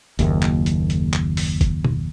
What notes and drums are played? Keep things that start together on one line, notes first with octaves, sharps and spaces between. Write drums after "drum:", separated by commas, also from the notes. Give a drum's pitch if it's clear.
F#1 D#2, drum: hi-hat
drum: clap
drum: hi-hat
drum: hi-hat
drum: clap
drum: open hi-hat
drum: kick, hi-hat
drum: tom B2